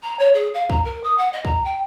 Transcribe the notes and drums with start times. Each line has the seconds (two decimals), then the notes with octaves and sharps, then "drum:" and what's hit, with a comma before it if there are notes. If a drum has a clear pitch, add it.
0.02 A#5
0.19 C#5
0.34 G#4
0.54 F5
0.70 A#5, drum: kick
0.85 A#4
1.03 D#6
1.18 F#5
1.33 D#5
1.45 A#5, drum: kick
1.64 G5